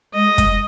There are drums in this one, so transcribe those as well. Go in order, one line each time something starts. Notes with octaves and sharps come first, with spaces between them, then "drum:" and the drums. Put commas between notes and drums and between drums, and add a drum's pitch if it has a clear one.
G#3 D#5
drum: kick, hi-hat